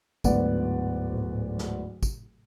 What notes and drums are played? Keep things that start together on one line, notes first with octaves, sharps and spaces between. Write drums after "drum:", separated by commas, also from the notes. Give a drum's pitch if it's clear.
D1 D2 G#2 B3 D5 F#5, drum: kick, tambourine
drum: tom A2
drum: snare
drum: kick, tambourine